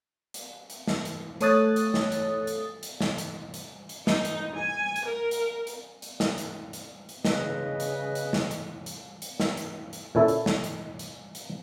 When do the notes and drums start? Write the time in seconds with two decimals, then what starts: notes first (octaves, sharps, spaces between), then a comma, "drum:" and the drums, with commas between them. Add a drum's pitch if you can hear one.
0.34 drum: hi-hat
0.70 drum: hi-hat
0.87 drum: snare
1.05 drum: hi-hat
1.41 A3 A4 C#5 D#6 F#6 A6, drum: hi-hat
1.76 drum: hi-hat
1.94 drum: snare
2.12 drum: hi-hat
2.47 drum: hi-hat
2.83 drum: hi-hat
3.01 drum: snare
3.18 drum: hi-hat
3.54 drum: hi-hat
3.89 drum: hi-hat
4.07 D#4, drum: snare
4.25 drum: hi-hat
4.55 G#5
4.96 drum: hi-hat
5.05 A#4
5.31 drum: hi-hat
5.67 drum: hi-hat
6.02 drum: hi-hat
6.20 drum: snare
6.38 drum: hi-hat
6.73 drum: hi-hat
7.09 drum: hi-hat
7.25 C#3 B4 D#5, drum: snare
7.80 drum: hi-hat
8.15 drum: hi-hat
8.33 drum: snare
8.51 drum: hi-hat
8.86 drum: hi-hat
9.22 drum: hi-hat
9.40 drum: snare
9.57 drum: hi-hat
9.93 drum: hi-hat
10.15 A#2 C#4 E4 A4 E5
10.28 drum: hi-hat
10.46 drum: snare
10.64 drum: hi-hat
10.99 drum: hi-hat
11.35 drum: hi-hat